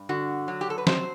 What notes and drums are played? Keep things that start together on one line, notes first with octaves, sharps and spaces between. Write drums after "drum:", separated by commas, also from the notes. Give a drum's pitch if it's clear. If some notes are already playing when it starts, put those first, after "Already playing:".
Already playing: G2
D3 F#4
F#3
G4
A4
B4
C4 C5, drum: snare